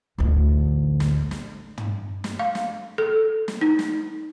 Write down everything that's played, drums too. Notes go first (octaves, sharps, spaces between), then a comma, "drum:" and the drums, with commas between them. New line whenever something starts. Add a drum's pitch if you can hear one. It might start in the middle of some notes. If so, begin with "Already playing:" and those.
A1 D2
drum: snare
drum: snare
drum: tom
drum: snare
F5
drum: snare
A4
drum: snare
D#4
drum: snare